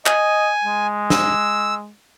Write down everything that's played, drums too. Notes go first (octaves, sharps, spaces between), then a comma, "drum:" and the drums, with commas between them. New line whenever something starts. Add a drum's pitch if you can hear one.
D#5 G#5, drum: clap
G#3
E6, drum: snare